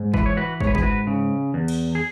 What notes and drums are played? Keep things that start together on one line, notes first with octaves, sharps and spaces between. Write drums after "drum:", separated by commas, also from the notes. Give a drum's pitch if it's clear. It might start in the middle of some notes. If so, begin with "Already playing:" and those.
Already playing: G#2
E3 B4, drum: kick
C#5
F#4 B4
G#2 C#5, drum: kick
B4
G#4, drum: kick
F#4 B4
C#3
E2
drum: cymbal
G#4